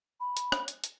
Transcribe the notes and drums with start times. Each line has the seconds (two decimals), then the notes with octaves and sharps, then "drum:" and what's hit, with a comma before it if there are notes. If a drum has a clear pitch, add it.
0.20 B5
0.37 drum: hi-hat
0.52 drum: rim click
0.68 drum: hi-hat
0.84 drum: hi-hat